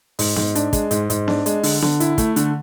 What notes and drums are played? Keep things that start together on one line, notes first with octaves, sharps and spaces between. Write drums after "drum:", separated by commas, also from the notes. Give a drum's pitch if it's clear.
G#2, drum: open hi-hat
G#2, drum: snare B3
D4, drum: hi-hat
G#3, drum: kick, hi-hat
G#2, drum: hi-hat
G#2, drum: hi-hat
D4, drum: snare B3
G#3, drum: hi-hat
D3, drum: open hi-hat
D3, drum: snare B3
E4, drum: hi-hat
A3, drum: kick, hi-hat
D3, drum: hi-hat